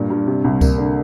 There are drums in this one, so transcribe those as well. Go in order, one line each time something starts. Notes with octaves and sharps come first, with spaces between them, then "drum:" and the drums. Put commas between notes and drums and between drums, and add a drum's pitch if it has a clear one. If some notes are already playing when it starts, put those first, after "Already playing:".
Already playing: G2 A#2
G2
C3
C2
A#3, drum: kick C#2, tambourine
D3